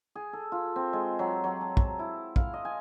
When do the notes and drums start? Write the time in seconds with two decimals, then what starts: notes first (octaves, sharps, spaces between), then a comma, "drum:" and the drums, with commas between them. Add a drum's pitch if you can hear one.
0.15 G#4
0.33 A4
0.52 F4
0.76 C4
0.93 G#3
1.19 F#3
1.44 F#3
1.61 A5
1.77 drum: kick
1.99 E4
2.36 F5, drum: kick
2.54 D#5
2.65 G#5